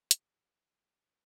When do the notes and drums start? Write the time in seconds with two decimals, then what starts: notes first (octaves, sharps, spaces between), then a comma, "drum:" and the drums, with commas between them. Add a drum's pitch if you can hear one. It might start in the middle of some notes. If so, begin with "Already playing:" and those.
0.11 E2 G3, drum: hi-hat